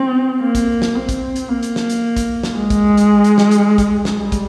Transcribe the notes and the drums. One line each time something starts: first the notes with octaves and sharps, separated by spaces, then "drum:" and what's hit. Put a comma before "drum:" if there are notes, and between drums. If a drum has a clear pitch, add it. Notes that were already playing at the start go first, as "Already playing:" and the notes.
Already playing: C4
A#3
drum: kick, hi-hat
drum: snare
C4
drum: kick, hi-hat
drum: hi-hat
A#3
drum: hi-hat
drum: snare
drum: hi-hat
drum: kick, hi-hat
drum: snare
G#3
drum: kick, hi-hat
drum: hi-hat
drum: hi-hat
drum: snare
drum: hi-hat
drum: kick, hi-hat
drum: snare
G3
drum: kick, hi-hat